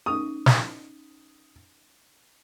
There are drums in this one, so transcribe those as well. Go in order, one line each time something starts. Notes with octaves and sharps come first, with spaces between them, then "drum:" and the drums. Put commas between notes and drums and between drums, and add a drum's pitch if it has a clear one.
C#4 D#4 D#6
drum: snare